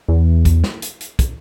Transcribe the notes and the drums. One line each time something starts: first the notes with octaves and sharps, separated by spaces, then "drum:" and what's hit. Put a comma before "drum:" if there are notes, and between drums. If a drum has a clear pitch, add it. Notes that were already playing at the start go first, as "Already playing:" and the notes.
E2
drum: kick, hi-hat
drum: snare
drum: hi-hat
drum: hi-hat
drum: kick, hi-hat